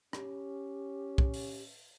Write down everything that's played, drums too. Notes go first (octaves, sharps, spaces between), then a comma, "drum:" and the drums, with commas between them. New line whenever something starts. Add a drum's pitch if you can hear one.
C#4 G4, drum: rim click
drum: kick B1
drum: open hi-hat